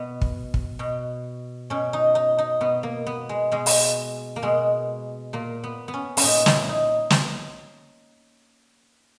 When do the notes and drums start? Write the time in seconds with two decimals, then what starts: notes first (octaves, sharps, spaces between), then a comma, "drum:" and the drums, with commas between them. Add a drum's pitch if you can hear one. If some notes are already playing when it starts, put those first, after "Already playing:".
Already playing: B2 B3
0.22 drum: kick
0.54 drum: kick
0.79 B2
1.70 B2 C#4
1.93 D#4
2.15 D#4
2.38 D#4
2.61 B2 B3
2.83 A#3
3.07 B3
3.29 G#3
3.52 B2 G#3
3.66 drum: open hi-hat
4.36 A#3
4.42 B2 G#3
5.33 A#2 A#3
5.64 B3
5.88 B3
5.94 C#4
6.17 C#4, drum: open hi-hat
6.23 A#2 D#4
6.46 E4, drum: snare
6.69 D#4
7.10 drum: snare